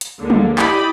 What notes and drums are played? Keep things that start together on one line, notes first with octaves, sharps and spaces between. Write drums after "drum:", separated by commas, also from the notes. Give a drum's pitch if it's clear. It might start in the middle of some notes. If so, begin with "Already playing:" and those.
drum: hi-hat
D#2 D3 G#3 A#3
drum: tom
E4 G4 D5 D#5 B5, drum: clap